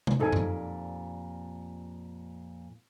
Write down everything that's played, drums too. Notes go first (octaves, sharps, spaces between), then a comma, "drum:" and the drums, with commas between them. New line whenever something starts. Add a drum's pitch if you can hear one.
drum: tom C3
F2 A#2 G3 D#4 A4 G#5
drum: tom F#2